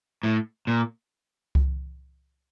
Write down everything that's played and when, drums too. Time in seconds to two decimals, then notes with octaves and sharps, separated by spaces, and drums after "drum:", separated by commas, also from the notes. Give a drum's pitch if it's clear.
0.23 A2
0.67 A#2
1.55 drum: kick C2